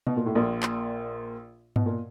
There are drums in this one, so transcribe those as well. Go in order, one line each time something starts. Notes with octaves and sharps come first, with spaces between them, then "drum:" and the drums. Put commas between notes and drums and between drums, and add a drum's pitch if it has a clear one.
B2, drum: tom B2
A#2
A2
A#1 A#2
drum: clap
B2, drum: tom G2
A#2